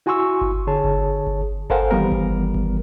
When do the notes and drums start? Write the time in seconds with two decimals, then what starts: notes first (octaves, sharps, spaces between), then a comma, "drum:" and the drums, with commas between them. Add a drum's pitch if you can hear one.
0.06 E4 F#4 G#5 C6 C#6 E6
0.41 drum: kick G1
0.67 D3 G#4 C#5 A5
0.84 drum: kick G1
1.27 drum: kick G1
1.70 A4 A#4 C5 F5 F#5 G#5, drum: kick G1
1.91 D#3 E3 G3 B3 A#4
2.12 drum: kick G1
2.55 drum: kick G1